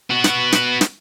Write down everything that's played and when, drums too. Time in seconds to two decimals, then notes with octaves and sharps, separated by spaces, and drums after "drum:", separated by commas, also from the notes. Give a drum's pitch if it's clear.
0.10 B3 F#4
0.24 drum: snare
0.52 drum: snare
0.81 drum: snare